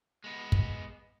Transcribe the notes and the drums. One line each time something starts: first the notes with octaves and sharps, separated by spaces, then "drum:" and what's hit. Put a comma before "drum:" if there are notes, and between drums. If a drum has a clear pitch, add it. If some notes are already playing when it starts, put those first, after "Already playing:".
G#3 B3
drum: kick